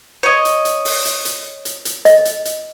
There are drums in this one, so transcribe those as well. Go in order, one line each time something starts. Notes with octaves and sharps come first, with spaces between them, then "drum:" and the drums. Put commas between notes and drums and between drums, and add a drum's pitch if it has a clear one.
C#5 D#5
drum: hi-hat
drum: hi-hat
drum: open hi-hat
drum: hi-hat
drum: hi-hat
drum: hi-hat
drum: hi-hat
D#5, drum: hi-hat
drum: hi-hat
drum: hi-hat